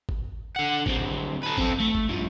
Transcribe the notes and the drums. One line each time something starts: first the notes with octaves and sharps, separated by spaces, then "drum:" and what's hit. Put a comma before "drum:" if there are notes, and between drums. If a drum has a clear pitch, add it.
drum: kick G#1
D3 F#5
D2 C4, drum: kick G#1
A4 B4
C4 A4, drum: kick G#1
A3
drum: kick G#1
G2 F3